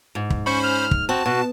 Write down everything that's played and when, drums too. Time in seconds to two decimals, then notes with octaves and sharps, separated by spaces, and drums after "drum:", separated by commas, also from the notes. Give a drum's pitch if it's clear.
0.15 G#2
0.30 drum: kick
0.46 C#4 C5 B5 C#6
0.64 F6
0.91 drum: kick
1.09 C4 F#4 A5
1.26 B2 F#4